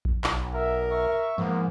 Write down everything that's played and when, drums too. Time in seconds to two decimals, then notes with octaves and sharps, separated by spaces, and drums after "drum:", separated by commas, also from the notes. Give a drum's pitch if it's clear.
0.05 drum: kick A#1
0.24 B1, drum: clap
0.54 A#4 E5
0.91 E5 C#6
1.38 G#2 F3 A#3 B3